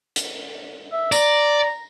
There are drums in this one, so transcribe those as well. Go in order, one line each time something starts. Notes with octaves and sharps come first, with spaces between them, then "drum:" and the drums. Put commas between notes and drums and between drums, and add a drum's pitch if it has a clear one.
drum: hi-hat
E5
D5 A#5, drum: tambourine